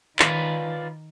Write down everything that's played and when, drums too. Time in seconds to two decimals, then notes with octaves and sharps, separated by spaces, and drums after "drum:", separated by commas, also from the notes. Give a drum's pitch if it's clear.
0.19 D#3 F4 B4 D5, drum: clap